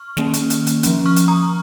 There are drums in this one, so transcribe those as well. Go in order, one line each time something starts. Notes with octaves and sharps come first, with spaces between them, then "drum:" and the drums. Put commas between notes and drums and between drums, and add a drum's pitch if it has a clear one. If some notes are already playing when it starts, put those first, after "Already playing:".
Already playing: C#6 F6
D#3 A#3 C#4, drum: snare
drum: hi-hat
drum: hi-hat
drum: hi-hat
F3 C#4, drum: hi-hat
C#6 F6
drum: hi-hat
A#5 D#6